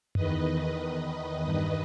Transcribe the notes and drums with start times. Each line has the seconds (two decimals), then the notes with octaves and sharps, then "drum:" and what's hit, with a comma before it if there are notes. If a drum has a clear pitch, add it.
0.15 E2 D#3 B4 D#5, drum: tom F#2
1.43 G2 D#3 B4 D#5